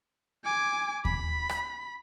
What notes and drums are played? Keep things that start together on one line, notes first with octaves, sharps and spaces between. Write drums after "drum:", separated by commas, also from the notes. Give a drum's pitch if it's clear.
G#5 D6
B5, drum: kick D#2
drum: rim click